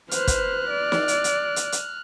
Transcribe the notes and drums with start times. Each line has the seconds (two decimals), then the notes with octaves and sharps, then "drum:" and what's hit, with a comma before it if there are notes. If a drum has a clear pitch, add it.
0.11 B4 C5 F6 F#6, drum: hi-hat
0.27 drum: kick, hi-hat
0.70 D5
0.92 drum: snare
1.08 drum: hi-hat
1.24 drum: hi-hat
1.56 drum: hi-hat
1.72 drum: hi-hat